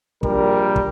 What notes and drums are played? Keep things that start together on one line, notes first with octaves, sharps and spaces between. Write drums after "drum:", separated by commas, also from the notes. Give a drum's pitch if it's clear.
A#1 G3 A#4, drum: kick
drum: kick